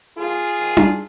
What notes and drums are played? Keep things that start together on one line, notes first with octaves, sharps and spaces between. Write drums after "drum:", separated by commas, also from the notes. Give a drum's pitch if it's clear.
G#2 F3 A#3 F4 G#4
G#2 D#3 A#3
drum: tom D4